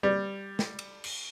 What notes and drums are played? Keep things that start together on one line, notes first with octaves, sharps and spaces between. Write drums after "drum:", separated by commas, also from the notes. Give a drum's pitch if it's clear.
G3
drum: snare
drum: cymbal
drum: cymbal